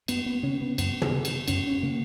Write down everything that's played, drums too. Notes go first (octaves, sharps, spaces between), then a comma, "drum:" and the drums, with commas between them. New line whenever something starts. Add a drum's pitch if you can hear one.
F#2 B3, drum: cymbal
B3
C#3 C#4
B3
F#2 B3, drum: cymbal
drum: tom
C#3
drum: cymbal
F#2 C#4, drum: cymbal
C#4
C#3 A#3